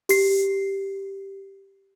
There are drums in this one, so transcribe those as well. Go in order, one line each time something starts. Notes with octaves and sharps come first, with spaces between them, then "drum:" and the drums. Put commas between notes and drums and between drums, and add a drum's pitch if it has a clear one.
G4 C7, drum: open hi-hat